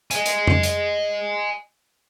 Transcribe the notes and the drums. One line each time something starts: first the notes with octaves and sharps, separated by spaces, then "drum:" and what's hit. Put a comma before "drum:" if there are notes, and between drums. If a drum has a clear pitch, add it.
D#5 G#5, drum: hi-hat
drum: hi-hat
drum: tom F2
drum: hi-hat